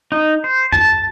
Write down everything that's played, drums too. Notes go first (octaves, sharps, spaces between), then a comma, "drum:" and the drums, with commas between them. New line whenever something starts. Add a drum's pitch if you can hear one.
D#4
C5
A5, drum: tom F#2